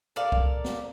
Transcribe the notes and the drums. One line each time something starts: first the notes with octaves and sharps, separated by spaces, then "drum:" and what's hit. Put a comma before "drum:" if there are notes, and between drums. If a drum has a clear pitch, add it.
A4 A#4 D5 F5
drum: kick C2
drum: snare